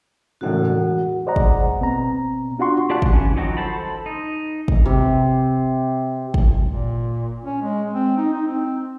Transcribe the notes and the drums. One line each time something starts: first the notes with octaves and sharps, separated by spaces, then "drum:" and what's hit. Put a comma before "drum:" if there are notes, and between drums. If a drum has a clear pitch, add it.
E1 A2 C#3 F#4 F#5
E1
G#4 C5 D5 D#5 F#5 A#5
drum: kick
B2 B3 C4 A#5
D4 F4 F#4 F#5 C6 C#6
G4 D5 F5 A5 F#6
drum: kick
E3 C#4
D#3 F3 F#3 D#4 F#4
A4 C5 A5 B5
D#4
drum: kick
C3
drum: kick
A#2
C#4
G#3
C4
D#4
D#4
C4